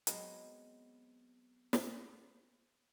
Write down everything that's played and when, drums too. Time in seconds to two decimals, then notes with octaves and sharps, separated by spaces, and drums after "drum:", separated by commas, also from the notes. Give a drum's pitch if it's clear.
0.07 F#3 G#3 B3 C4, drum: hi-hat
1.73 drum: snare